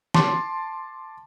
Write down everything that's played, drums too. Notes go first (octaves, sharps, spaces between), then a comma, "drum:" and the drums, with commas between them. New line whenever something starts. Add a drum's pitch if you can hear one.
A5 C6 D6, drum: snare